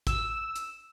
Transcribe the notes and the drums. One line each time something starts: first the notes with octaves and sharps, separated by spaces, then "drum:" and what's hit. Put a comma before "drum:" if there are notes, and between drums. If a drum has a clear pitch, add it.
E6, drum: kick A1, hi-hat
drum: hi-hat